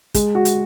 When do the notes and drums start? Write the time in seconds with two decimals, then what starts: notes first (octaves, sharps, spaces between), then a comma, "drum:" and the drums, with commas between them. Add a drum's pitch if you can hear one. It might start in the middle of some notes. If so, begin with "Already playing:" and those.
0.14 G#3, drum: kick, hi-hat
0.35 F#4
0.45 drum: hi-hat